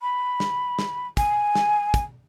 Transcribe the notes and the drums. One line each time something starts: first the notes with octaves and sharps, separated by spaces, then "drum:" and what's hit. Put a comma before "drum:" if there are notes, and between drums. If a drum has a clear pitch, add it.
B5
drum: snare
drum: snare
G#5, drum: kick, hi-hat
drum: snare
drum: kick, hi-hat